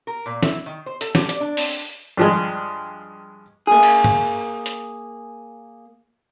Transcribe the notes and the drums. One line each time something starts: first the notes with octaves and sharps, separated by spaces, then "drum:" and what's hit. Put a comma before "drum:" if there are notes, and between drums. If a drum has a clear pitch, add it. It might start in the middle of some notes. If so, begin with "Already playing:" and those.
A#4
A#2
E4, drum: snare
D#3
C5
A4, drum: hi-hat
G4, drum: snare
D5, drum: hi-hat
D4
C4, drum: open hi-hat
G2 F3 G#3
A#3 G#4
drum: cymbal
drum: tom G2
drum: hi-hat